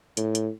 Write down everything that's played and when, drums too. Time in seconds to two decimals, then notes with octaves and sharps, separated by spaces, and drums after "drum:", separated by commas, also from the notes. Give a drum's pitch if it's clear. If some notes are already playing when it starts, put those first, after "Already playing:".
0.17 A2, drum: hi-hat
0.35 drum: hi-hat